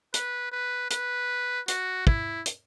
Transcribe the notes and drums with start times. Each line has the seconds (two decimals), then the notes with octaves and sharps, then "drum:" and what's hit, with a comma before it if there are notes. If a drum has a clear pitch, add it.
0.14 B4, drum: hi-hat
0.52 B4
0.90 B4, drum: hi-hat
1.68 F#4, drum: hi-hat
2.07 E4, drum: kick
2.46 drum: hi-hat